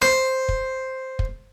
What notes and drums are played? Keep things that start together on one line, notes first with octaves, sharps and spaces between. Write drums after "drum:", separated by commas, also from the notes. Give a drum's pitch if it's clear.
C5, drum: rim click
drum: kick
drum: kick